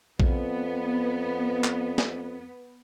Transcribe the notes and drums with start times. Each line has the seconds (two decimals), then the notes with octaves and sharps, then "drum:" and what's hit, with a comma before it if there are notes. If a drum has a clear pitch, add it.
0.20 F2 B3, drum: kick A#1
1.64 drum: clap
1.98 drum: snare